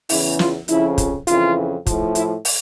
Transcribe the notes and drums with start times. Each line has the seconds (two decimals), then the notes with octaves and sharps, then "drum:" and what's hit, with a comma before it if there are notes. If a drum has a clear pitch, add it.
0.09 E2 C#3 E3 E4, drum: open hi-hat
0.39 F4, drum: snare
0.68 F2 C#3 F3 E4, drum: hi-hat
0.98 drum: kick, hi-hat
1.27 F2 C#3 E3 F4, drum: hi-hat
1.86 A2 F3, drum: kick, hi-hat
2.15 E4, drum: hi-hat
2.45 drum: open hi-hat